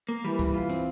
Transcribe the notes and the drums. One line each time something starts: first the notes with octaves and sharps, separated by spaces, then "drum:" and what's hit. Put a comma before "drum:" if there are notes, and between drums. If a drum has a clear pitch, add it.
A#3
E3 G3
G2, drum: kick C#2, tambourine
F4
C4, drum: tambourine